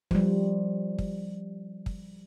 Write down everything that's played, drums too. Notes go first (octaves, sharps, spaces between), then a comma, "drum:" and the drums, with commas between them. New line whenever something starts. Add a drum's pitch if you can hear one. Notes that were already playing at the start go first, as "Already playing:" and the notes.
F3 G3, drum: kick
drum: kick
drum: kick